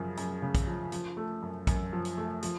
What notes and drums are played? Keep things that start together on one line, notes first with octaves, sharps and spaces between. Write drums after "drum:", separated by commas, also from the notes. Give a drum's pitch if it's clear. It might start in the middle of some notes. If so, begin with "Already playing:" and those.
Already playing: F#2 C#3 F3
F#2, drum: hi-hat
C#3
drum: kick, hi-hat
F3
F3, drum: hi-hat
A3
F#2
F#2, drum: kick, hi-hat
F3
drum: hi-hat
A3
F3, drum: hi-hat